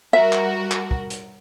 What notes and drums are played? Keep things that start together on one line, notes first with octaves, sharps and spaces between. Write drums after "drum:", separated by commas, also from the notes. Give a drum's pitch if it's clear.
G3 F#4 A#4 E5
drum: clap
drum: clap
drum: kick
drum: hi-hat